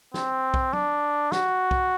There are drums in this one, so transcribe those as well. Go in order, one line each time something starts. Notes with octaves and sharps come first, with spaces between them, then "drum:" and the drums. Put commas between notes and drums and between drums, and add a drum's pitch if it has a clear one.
C4, drum: snare
drum: kick
D4, drum: tom
F#4, drum: snare
drum: kick